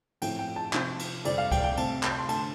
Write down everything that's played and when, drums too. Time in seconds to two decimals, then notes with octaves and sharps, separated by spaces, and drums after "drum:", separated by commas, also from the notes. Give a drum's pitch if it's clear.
0.22 A2 F3 C4 G5, drum: cymbal
0.39 G5
0.56 A5
0.73 C3 F3 C4, drum: clap
0.99 drum: cymbal
1.25 F2 C3 G3 C4 D5, drum: cymbal
1.38 F5
1.52 G5, drum: kick C#2, cymbal
1.64 G5
1.77 C3 A3 C4 A5, drum: cymbal
2.03 drum: clap
2.18 C6
2.29 D3 A3 A5, drum: cymbal